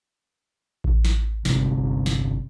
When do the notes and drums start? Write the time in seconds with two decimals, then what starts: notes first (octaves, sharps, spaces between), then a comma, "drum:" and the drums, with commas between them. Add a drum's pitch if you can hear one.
0.84 drum: kick A1
1.05 drum: snare
1.45 G1 C3, drum: snare
2.06 drum: snare